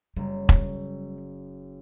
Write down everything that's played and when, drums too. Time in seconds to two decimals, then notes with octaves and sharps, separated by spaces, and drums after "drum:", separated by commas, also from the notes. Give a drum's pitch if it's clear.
0.16 F#1 G3
0.49 drum: kick E1